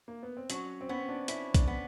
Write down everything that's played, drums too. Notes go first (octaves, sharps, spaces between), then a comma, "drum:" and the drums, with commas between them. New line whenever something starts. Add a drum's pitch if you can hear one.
A#3
B3
C4
F#3 C#4, drum: hi-hat
C4
B3 C#4
D4
C#4 E4, drum: hi-hat
D4, drum: kick B1, hi-hat
B3